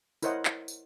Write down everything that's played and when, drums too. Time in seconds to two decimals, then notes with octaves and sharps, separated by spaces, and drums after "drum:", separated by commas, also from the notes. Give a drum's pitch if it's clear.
0.22 E4 A#4 C5 C#5 D#5 F#5, drum: tambourine
0.45 drum: clap
0.68 drum: tambourine